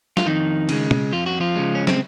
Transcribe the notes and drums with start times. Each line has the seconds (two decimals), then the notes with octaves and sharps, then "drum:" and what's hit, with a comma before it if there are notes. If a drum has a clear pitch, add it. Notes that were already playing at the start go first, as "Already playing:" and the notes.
0.17 F4, drum: snare
0.26 F2 D#3 D#4
0.69 C#3 G#3, drum: cymbal
0.91 drum: tom
1.12 F2 F4
1.26 F#4
1.40 F3 F4
1.56 C#3 G#3
1.75 C#4
1.87 C4, drum: snare